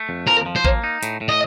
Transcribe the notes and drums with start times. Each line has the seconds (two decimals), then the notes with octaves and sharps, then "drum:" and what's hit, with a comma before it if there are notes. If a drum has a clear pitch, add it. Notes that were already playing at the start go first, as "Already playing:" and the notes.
Already playing: A3
0.09 F2
0.27 F3 A#4
0.46 F3
0.56 C5
0.65 A#3, drum: kick A1
0.84 D#4
1.03 A2, drum: hi-hat
1.21 A2
1.29 D#5